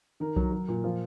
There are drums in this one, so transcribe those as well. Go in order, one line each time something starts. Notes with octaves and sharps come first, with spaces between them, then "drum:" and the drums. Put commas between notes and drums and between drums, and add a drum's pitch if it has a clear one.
D#3 A#4
F#3, drum: kick B1
F#3
A#2
F3 F4